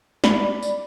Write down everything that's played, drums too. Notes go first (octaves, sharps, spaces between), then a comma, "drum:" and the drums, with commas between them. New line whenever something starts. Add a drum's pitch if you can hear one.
D5 B5, drum: snare
drum: tambourine